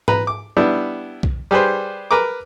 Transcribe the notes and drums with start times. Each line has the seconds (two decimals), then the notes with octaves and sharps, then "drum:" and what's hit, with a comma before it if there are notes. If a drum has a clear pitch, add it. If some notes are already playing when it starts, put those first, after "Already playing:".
0.08 B4 A#5, drum: tom G#2
0.27 D6
0.57 G3 B3 D4 E4
1.23 drum: kick B1
1.51 G3 G4 G#4 B4 C5
2.11 A#4 B4 A#5 D6